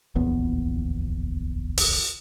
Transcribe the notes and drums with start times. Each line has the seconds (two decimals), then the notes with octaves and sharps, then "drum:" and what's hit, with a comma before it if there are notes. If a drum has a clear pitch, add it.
0.15 D1 A#1 E2 B3
1.78 drum: open hi-hat